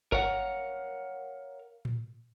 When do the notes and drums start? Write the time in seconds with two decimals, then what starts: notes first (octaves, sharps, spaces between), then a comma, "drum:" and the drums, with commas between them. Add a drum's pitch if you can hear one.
0.12 A#4 C#5 F5 F#5, drum: kick G#1
1.85 drum: tom A2